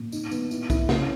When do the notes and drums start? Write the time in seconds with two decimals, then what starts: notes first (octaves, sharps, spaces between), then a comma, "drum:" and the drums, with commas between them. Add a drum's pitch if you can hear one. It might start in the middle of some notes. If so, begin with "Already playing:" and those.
Already playing: A#2
0.12 D#4, drum: tambourine
0.31 B3, drum: tambourine
0.51 E4, drum: tambourine
0.70 E4, drum: kick, tambourine
0.89 C#3, drum: snare